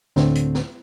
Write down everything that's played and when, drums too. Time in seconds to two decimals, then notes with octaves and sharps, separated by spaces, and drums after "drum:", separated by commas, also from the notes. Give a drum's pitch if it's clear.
0.16 D2 A2 D3 A3 C4, drum: snare
0.35 drum: hi-hat
0.55 drum: snare